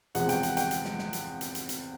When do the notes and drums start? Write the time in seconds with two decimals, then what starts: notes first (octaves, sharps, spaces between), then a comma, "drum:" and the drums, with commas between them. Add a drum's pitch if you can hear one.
0.15 E2 C3 F3 G#3 F#5, drum: hi-hat
0.29 G5, drum: hi-hat
0.43 F#5, drum: hi-hat
0.57 G5, drum: hi-hat
0.71 drum: hi-hat
0.85 drum: snare
0.99 drum: snare
1.13 drum: hi-hat
1.41 drum: hi-hat
1.55 drum: hi-hat
1.69 drum: hi-hat